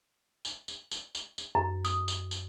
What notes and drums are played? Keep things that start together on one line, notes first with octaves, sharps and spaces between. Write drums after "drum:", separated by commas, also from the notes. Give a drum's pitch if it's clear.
drum: tambourine
drum: tambourine
drum: tambourine
drum: tambourine
drum: tambourine
F#2
D#6, drum: tambourine
drum: tambourine
drum: tambourine